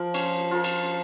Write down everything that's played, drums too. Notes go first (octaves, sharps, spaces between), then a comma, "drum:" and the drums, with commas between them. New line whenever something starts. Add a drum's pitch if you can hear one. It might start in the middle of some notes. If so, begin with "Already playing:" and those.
Already playing: F3 F4 A#4
C#4, drum: cymbal
F4 A#4
drum: cymbal